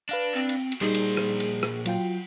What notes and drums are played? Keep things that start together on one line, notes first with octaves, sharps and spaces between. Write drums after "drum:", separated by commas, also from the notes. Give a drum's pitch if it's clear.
D4 B4 F5 A#6
C4
drum: cymbal
drum: cymbal
A#2 G3 D#4 G#4 C5
drum: cymbal
drum: rim click
drum: cymbal
drum: rim click
F#3 F4 G5, drum: cymbal